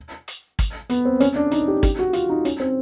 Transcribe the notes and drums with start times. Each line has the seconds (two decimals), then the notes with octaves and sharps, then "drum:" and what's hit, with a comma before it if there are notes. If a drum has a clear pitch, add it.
0.28 drum: hi-hat
0.59 drum: kick, hi-hat
0.90 B3, drum: hi-hat
1.05 C4
1.20 C#4, drum: hi-hat
1.36 D4
1.51 D#4, drum: hi-hat
1.68 G4
1.83 G4, drum: kick, hi-hat
1.99 F#4
2.13 F4, drum: hi-hat
2.30 D#4
2.45 C#4, drum: hi-hat
2.60 C4